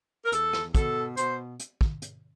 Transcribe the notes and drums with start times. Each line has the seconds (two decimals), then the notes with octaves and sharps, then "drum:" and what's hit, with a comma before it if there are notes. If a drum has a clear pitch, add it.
0.25 A#4
0.32 E2 A4, drum: hi-hat
0.53 drum: rim click
0.75 B2 A4, drum: kick, hi-hat
1.17 B2 C5, drum: hi-hat
1.60 drum: hi-hat
1.81 drum: kick
2.02 drum: hi-hat